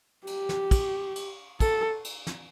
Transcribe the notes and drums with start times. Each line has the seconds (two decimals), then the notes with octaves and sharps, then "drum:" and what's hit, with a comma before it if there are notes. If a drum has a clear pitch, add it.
0.27 G4, drum: cymbal
0.49 drum: snare
0.71 drum: kick, cymbal
1.16 drum: cymbal
1.60 A4, drum: kick, cymbal
2.04 drum: cymbal
2.27 drum: snare